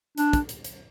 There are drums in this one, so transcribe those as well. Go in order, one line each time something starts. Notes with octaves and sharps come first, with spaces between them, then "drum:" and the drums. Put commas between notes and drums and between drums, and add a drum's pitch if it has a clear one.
D4, drum: hi-hat
drum: kick, hi-hat
drum: hi-hat
drum: hi-hat